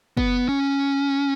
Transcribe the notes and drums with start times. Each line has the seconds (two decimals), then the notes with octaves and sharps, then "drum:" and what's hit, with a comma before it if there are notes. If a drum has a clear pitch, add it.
0.17 B3, drum: kick
0.49 C#4